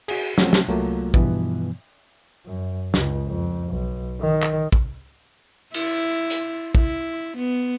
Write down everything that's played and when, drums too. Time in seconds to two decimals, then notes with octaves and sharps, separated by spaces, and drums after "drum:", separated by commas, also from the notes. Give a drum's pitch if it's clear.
0.08 F#4 G#4, drum: cymbal
0.38 F3 F#3 A3 C4 C#4 F#4, drum: snare
0.53 drum: snare
0.68 C2 F#3 A3 A#3 F4
1.14 G2 B2 E3 F3 B3, drum: kick
2.46 F#2
2.94 C#2, drum: snare
3.27 F2
3.69 B1
4.21 D#3
4.42 drum: clap
4.72 drum: kick
5.74 E4, drum: cymbal
6.30 drum: hi-hat
6.75 E4, drum: kick
7.38 B3